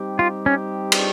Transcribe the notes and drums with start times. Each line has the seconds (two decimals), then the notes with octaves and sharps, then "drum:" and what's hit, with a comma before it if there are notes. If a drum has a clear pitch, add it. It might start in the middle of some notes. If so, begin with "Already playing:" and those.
Already playing: G3 C4 D#4 G4
0.19 F4
0.46 C#4
0.92 drum: cymbal